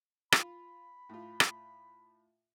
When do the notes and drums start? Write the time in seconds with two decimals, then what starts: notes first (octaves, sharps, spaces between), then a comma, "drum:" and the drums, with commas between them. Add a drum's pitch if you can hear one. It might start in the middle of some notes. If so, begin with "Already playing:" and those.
0.32 F4 B5, drum: rim click
1.09 A2 F4
1.40 drum: rim click